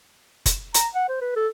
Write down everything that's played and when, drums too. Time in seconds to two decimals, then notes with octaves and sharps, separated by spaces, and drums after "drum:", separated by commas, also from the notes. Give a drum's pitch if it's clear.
0.46 drum: kick F#1, hi-hat
0.74 A#5, drum: hi-hat
0.95 F#5
1.09 C5
1.21 B4
1.36 A4